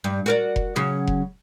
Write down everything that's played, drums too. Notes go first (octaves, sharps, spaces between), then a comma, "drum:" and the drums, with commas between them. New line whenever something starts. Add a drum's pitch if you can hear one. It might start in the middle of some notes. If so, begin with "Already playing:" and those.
G2
F#4 A#4 D5
drum: kick F1
C#3 F#3 C#4
drum: kick F1